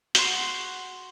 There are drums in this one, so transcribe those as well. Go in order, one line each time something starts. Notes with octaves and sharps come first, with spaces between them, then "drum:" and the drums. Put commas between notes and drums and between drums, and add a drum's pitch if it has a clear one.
F#4 C6, drum: hi-hat